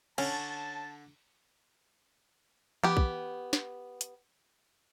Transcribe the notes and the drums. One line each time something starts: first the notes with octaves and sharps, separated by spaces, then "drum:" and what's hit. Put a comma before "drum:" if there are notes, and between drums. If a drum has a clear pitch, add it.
D3 C#4 A5, drum: cymbal
B3 G4, drum: tom E3
drum: kick
drum: snare
drum: hi-hat